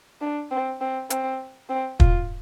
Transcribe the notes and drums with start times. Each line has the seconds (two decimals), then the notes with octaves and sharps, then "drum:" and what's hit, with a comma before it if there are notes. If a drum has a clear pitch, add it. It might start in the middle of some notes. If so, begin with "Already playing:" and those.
0.21 D4
0.51 C4
0.81 C4
1.10 C4, drum: hi-hat
1.69 C4
2.00 F4, drum: kick